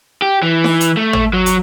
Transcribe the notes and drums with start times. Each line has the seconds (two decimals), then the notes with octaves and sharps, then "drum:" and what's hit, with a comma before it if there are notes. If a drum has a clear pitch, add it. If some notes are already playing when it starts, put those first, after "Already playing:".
0.22 G4
0.43 E3
0.64 drum: snare D#4
0.80 drum: hi-hat
0.97 A3
1.13 drum: tom
1.33 F#3
1.46 drum: hi-hat